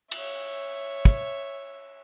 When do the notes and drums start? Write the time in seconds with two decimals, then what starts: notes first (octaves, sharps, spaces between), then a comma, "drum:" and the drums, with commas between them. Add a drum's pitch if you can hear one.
0.11 C#5 E5, drum: cymbal
1.05 drum: kick